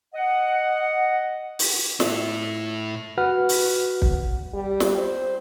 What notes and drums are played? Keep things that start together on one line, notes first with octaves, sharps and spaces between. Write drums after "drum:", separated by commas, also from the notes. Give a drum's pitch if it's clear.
D#5 F#5
drum: open hi-hat
A2 E4, drum: snare
F#4 B4 F#5 F6
drum: open hi-hat
drum: kick
G3
drum: snare
C5